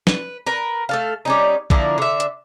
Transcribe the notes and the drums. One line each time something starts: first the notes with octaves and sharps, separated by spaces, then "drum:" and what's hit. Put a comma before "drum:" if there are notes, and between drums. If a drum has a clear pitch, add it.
B4, drum: snare
A#4 B4
A3 A4 F5
G3 C#4 D#4
D3 F3 A#3 E4, drum: kick
D3 E5
drum: hi-hat